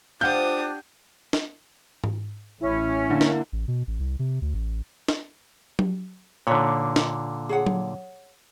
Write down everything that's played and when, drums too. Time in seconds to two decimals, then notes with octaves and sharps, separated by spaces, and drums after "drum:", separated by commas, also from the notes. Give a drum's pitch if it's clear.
0.21 D4 F4 G4 C5 F#5 D#6 G6
1.33 drum: snare
2.04 drum: tom G#2
2.61 A1 C#4 E4
3.10 D3 A#3
3.21 drum: snare
3.52 A1
3.68 B2
3.87 A1
4.00 C2
4.19 C3
4.42 D2
4.54 A1
5.08 drum: snare
5.79 drum: tom F#3
6.47 A#2 D3 D#4 B4 C#5
6.96 drum: snare
7.49 G#4 C#5 F#5
7.66 drum: tom F#3